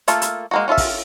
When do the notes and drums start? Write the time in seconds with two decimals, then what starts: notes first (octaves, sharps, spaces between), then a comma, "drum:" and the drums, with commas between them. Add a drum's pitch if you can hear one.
0.08 A3 A#3 F4 A4, drum: hi-hat
0.22 drum: hi-hat
0.51 G#3 A#3 F#4
0.68 C#4 F4 A4 E5
0.77 drum: kick, open hi-hat